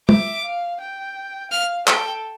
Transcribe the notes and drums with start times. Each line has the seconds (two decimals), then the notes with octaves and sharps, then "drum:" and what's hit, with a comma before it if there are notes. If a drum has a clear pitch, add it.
0.09 E5 D6, drum: tom
0.45 F5
0.80 G5
1.52 F5 F6
1.87 A4 G5, drum: clap